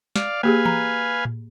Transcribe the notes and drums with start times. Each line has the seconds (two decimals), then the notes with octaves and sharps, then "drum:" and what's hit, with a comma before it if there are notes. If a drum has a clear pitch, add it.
0.16 D5 F5, drum: snare
0.43 A#3 G4 G#4 B4 F5 G#5
0.66 A#5, drum: tom E3
1.25 drum: tom A2